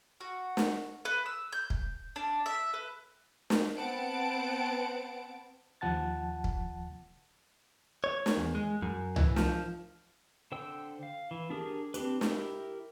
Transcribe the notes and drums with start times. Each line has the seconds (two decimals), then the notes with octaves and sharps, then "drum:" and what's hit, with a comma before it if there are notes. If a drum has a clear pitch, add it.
0.21 F#4
0.57 drum: snare
1.05 B4
1.26 E6
1.52 G6
1.70 drum: kick
2.16 D4
2.46 E5
2.74 B4
3.50 drum: snare
3.75 B3 C4 F#5 A5 D7
5.81 D#2 F3 F#5 A5 A6
6.44 drum: kick
8.04 C#5
8.26 drum: snare
8.37 E2
8.55 G#3
8.82 F#2
9.16 E3, drum: tom C2
9.36 F3, drum: snare
10.52 D3 C5 G5 E6
11.03 F5
11.31 E3
11.50 D4 G4 G#4 A#4
11.94 C4 D4 G4 B4, drum: hi-hat
12.21 E4 G4 A#4, drum: snare